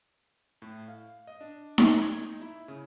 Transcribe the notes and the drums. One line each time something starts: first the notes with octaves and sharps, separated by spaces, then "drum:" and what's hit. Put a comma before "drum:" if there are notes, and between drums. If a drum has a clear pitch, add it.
A2
F5
D#5
D4
drum: snare D#4
G#6
D#4
E4
C#3